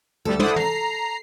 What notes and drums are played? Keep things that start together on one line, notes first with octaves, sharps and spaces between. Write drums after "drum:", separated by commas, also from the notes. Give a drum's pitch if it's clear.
D2 D3 G3 A4
E4 C5 D5 F#5 D#6, drum: tom
A#5 C7, drum: tom